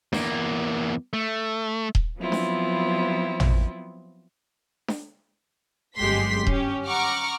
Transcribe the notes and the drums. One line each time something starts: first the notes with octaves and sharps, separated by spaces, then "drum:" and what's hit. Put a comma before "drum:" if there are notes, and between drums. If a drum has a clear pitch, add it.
E2 A#3, drum: snare D4
A3
drum: kick D#1
F3 F#3 B3 C4 E4 F4
drum: snare D4
drum: tom
drum: snare D4
G1 F#2 G#3 G4 C6 B6
C#4 G4, drum: kick D#1
F#5 A#5 C#6 D6 F6